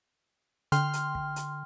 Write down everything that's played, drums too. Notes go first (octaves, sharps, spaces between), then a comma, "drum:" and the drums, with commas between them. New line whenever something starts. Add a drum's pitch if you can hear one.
D3 G5 C6 F6, drum: hi-hat
drum: hi-hat
drum: kick
drum: hi-hat